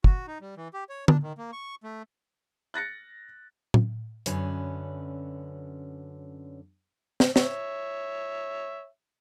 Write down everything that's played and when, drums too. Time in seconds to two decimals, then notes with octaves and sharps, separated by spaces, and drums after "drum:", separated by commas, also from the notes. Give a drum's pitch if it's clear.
0.04 F#4, drum: kick
0.27 D#4
0.41 G3
0.57 E3
0.74 G4
0.89 C#5
1.08 D4, drum: tom
1.23 D#3
1.38 A#3
1.53 C#6
1.84 A3
2.74 F#6 A6 A#6 C#7
3.74 drum: tom A2
4.26 F#2 D3 C#4 B4, drum: hi-hat
7.20 drum: snare
7.36 C#5 E5, drum: snare